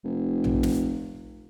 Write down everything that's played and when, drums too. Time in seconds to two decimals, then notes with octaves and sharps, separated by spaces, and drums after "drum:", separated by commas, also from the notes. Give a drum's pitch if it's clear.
0.04 F1
0.44 drum: tom A#1
0.63 drum: snare